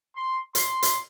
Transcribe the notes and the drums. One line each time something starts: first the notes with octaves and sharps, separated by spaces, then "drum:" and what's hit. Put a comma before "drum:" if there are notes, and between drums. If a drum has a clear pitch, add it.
C6
C6, drum: hi-hat
drum: hi-hat